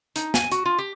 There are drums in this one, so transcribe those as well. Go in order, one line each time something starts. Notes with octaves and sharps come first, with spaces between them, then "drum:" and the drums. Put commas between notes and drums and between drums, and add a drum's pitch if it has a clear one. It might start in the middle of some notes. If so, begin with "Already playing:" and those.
D#4, drum: hi-hat
G#5, drum: snare
F#4, drum: hi-hat
F4
G4